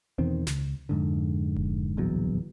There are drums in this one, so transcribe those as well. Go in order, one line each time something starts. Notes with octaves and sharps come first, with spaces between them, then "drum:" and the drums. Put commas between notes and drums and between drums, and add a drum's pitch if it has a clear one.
E2 B2 D#3 C4
C#2, drum: snare
F2 G#2 D3
drum: kick E1
D1 A#1 E2 F#3